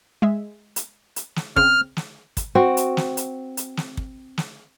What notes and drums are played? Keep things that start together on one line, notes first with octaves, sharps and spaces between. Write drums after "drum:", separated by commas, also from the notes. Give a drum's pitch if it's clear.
G#3 E5
drum: hi-hat
drum: hi-hat
drum: snare
C#3 C4 F6, drum: kick
drum: snare
drum: kick, hi-hat
C4 F#4
drum: hi-hat
drum: snare
drum: hi-hat
drum: hi-hat
drum: snare
drum: kick
drum: snare